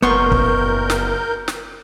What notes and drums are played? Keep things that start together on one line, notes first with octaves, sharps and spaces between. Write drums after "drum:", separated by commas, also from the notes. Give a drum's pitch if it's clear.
F#1 B3 F4 A#4 C6 C#6 G6
drum: kick
drum: snare
drum: snare